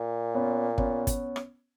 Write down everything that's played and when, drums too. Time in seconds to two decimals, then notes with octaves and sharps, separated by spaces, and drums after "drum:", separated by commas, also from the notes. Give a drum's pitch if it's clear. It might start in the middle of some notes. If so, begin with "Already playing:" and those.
Already playing: A#2
0.34 B3 C#4
0.78 B3 C#4, drum: kick
1.07 drum: kick, hi-hat
1.36 drum: rim click